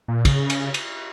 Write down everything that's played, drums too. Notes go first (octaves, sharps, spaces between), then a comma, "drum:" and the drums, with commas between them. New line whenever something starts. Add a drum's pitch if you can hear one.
A#2
C#3, drum: kick, cymbal
drum: cymbal
drum: cymbal